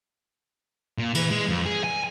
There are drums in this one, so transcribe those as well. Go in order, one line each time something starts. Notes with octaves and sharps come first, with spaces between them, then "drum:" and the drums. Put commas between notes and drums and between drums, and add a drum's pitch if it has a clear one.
A#2
E3, drum: cymbal
G#3
F2
G#4
G#5